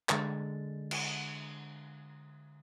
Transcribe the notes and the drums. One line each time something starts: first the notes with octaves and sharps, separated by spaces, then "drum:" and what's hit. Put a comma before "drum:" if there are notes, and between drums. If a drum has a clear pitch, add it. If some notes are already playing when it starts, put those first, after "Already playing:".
D3 G#3 A6, drum: clap
drum: cymbal